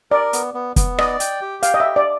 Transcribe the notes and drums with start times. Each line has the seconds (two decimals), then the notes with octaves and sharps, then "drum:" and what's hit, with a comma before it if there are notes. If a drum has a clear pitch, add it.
0.11 A#4 D5
0.33 B3, drum: hi-hat
0.54 B3
0.76 B3, drum: kick, hi-hat
0.98 D5 D#5, drum: rim click
1.20 G5, drum: hi-hat
1.42 G4
1.63 F5 G5, drum: hi-hat
1.74 D#5
1.80 G4 E5
1.96 D5